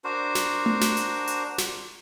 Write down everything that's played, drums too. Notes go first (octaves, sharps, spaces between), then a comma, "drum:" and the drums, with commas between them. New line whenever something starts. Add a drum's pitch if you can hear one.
D4 F#4 A#4 C5
drum: snare
drum: tom A3
drum: snare
drum: hi-hat
drum: hi-hat
drum: snare